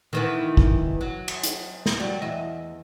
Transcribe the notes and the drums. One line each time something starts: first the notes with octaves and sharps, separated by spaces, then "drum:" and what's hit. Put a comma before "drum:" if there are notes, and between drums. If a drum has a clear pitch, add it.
D#3 E3 B3
drum: kick
F#3
drum: cymbal
drum: hi-hat
drum: snare
F#3 G3
E2 D#5 E5